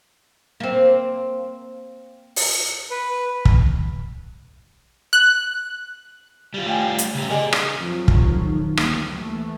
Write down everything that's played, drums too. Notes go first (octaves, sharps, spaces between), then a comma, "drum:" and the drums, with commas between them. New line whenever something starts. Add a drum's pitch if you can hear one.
A#3 C4
drum: open hi-hat
B4
drum: kick
F#6
G3 F4
A3 G5 G#5
drum: hi-hat
C#3 G4
G#4 A#4 D5 D#5 G#5
drum: rim click
F2 F3 F#3
F1, drum: kick
D#3
D2 G3 A#3, drum: rim click
E3 A3